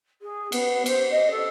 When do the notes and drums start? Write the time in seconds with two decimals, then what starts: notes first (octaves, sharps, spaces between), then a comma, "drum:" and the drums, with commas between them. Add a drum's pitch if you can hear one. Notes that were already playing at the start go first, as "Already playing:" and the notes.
0.22 G#4
0.52 B3, drum: cymbal
0.86 C5, drum: cymbal
1.11 D#5
1.30 A4